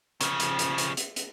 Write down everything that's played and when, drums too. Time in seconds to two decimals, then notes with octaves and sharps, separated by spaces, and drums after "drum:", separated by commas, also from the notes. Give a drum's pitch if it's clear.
0.21 C#3 F3, drum: hi-hat
0.40 drum: hi-hat
0.59 drum: hi-hat
0.78 drum: hi-hat
0.97 drum: hi-hat
1.16 drum: hi-hat